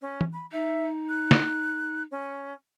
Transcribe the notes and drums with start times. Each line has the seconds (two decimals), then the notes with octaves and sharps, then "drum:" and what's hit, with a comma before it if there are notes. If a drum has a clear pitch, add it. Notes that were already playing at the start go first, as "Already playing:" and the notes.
0.02 C#4
0.21 drum: tom
0.33 B5
0.52 D#4 E5
1.09 F#6
1.31 drum: snare
2.11 C#4